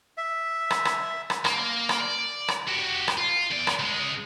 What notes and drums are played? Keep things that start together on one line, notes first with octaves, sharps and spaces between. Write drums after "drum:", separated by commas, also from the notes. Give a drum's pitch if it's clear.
E5
drum: rim click
drum: rim click
drum: rim click
A#3, drum: rim click
drum: rim click
D5
drum: rim click
F#4 G4
drum: rim click
F4
E2 D5
drum: rim click
C#2 G#3